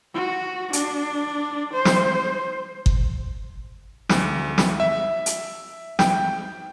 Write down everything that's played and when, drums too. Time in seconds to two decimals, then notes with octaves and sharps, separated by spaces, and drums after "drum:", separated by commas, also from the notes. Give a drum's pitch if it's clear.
0.14 F#4
0.73 D4, drum: hi-hat
1.74 C5
1.85 drum: snare
2.86 drum: kick G1
4.09 D2, drum: snare
4.58 drum: snare
4.80 E5
5.26 drum: hi-hat
5.99 G5, drum: snare